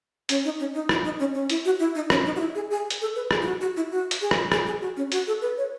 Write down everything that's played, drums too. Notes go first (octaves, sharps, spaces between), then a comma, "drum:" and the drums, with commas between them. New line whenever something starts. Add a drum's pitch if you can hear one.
C#4, drum: hi-hat
D#4
C#4
D#4
E4, drum: rim click
D#4
C#4
C#4
E4, drum: hi-hat
F#4
E4
D#4
C#4, drum: rim click
D#4
F#4
E4
G#4
G#4
drum: hi-hat
A4
B4
G#4, drum: rim click
E4
F#4
F#4
E4
F#4
drum: hi-hat
G#4
drum: rim click
G#4, drum: rim click
G#4
F#4
C#4
F#4, drum: hi-hat
A4
B4
C#5